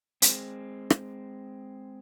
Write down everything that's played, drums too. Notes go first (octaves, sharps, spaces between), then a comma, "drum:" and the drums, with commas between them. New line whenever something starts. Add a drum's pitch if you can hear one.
G#3 C4, drum: hi-hat
drum: rim click